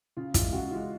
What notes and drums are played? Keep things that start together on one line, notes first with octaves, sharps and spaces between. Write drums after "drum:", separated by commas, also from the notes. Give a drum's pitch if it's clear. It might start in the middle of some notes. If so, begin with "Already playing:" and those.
C#3 F4
E3 G#3 F4, drum: kick, hi-hat
C#3 F#4
E3 G#3 F4